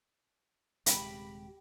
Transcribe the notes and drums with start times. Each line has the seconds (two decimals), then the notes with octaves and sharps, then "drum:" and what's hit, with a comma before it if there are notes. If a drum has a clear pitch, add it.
0.86 D#1 C3 G#3 G4 B5, drum: hi-hat